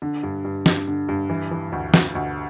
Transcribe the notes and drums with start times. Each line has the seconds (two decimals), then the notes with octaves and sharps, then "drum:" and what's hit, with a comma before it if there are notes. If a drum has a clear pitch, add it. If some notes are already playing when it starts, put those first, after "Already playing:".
0.02 D3
0.23 G2
0.45 G2
0.66 G2, drum: snare
0.88 D3
1.09 G2
1.30 E3
1.51 E3
1.72 D2
1.94 D2, drum: snare
2.15 D2